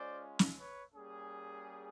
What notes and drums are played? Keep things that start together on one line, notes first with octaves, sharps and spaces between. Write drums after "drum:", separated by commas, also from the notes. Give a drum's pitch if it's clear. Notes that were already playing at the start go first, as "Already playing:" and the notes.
Already playing: G#3 C#4 F4 C5 D5
drum: snare
B4 C#5
G3 A#3 C#4 G#4